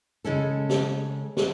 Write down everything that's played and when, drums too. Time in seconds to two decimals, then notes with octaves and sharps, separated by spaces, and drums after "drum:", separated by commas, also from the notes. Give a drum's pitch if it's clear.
0.24 C#3 G#3 C#4 A4
0.69 drum: snare
1.37 drum: snare